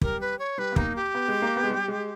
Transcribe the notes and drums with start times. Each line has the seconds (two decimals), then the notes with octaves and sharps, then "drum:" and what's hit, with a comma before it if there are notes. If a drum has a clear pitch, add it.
0.01 G3 A#4, drum: kick
0.21 B4
0.39 C#5
0.58 G3 B4
0.72 B3
0.76 A#3 D#4, drum: kick
0.96 G4
1.14 B3
1.28 G#3
1.42 A#3
1.56 B3
1.64 G#3
1.70 G3
1.88 G#3